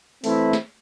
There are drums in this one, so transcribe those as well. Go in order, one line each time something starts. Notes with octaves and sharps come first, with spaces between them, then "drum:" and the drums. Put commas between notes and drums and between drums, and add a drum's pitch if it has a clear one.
E3 A3 C4 E4, drum: open hi-hat
drum: snare